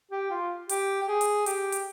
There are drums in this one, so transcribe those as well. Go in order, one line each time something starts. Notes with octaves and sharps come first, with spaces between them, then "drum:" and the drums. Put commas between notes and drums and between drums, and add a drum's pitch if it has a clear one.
G4
F4
G4, drum: hi-hat
G4
G#4
drum: hi-hat
G4, drum: hi-hat
drum: hi-hat